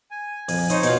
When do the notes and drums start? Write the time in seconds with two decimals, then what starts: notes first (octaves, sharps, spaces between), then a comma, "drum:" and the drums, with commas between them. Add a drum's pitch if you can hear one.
0.11 G#5
0.49 F2 G#5, drum: open hi-hat
0.70 D#4 C5 C#5 D#5, drum: hi-hat
0.83 B2 F4, drum: hi-hat